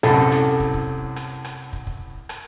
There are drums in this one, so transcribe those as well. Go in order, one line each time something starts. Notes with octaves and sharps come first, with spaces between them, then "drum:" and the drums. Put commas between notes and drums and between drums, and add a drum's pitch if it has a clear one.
C2 F#2 A2 A4, drum: rim click
drum: rim click
drum: kick
drum: kick
drum: rim click
drum: rim click
drum: kick
drum: kick
drum: rim click